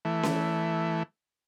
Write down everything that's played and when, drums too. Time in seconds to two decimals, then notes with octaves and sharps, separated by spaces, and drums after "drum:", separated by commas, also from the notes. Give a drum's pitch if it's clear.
0.05 E3 A3
0.23 drum: snare C#4